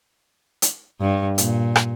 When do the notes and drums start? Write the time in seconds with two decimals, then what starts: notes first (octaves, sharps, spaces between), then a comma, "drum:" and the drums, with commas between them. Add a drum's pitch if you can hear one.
0.62 drum: hi-hat
1.01 G2
1.38 A#2, drum: hi-hat
1.76 drum: rim click